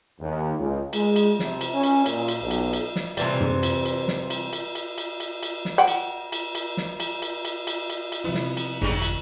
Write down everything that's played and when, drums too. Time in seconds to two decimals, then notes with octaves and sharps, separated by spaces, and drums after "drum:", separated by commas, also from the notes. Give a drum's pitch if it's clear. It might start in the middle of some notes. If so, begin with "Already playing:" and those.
0.20 D#2
0.57 C#2
0.93 G#3, drum: cymbal
1.16 drum: cymbal
1.39 C3, drum: snare
1.61 drum: cymbal
1.74 C#4
1.83 drum: cymbal
2.06 A#2, drum: cymbal
2.28 drum: cymbal
2.41 B1
2.51 drum: cymbal
2.73 drum: cymbal
2.96 drum: snare
3.17 C3 E3 G3, drum: cymbal
3.40 drum: tom
3.63 drum: cymbal
3.85 drum: cymbal
4.08 drum: snare
4.30 drum: cymbal
4.53 drum: cymbal
4.75 drum: cymbal
4.98 drum: cymbal
5.20 drum: cymbal
5.43 drum: cymbal
5.65 drum: snare
5.78 F#5 G5
5.87 drum: cymbal
6.32 drum: cymbal
6.55 drum: cymbal
6.77 drum: snare
7.00 drum: cymbal
7.22 drum: cymbal
7.45 drum: cymbal
7.67 drum: cymbal
7.90 drum: cymbal
8.12 drum: cymbal
8.24 C3 F3 B3 E4
8.34 drum: snare
8.57 drum: cymbal
8.81 G#1 F#3 G3, drum: tom
9.02 drum: cymbal